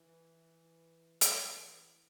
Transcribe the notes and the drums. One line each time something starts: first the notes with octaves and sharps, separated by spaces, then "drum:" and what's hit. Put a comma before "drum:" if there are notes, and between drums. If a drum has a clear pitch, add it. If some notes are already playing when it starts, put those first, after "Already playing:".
Already playing: E3
E3, drum: hi-hat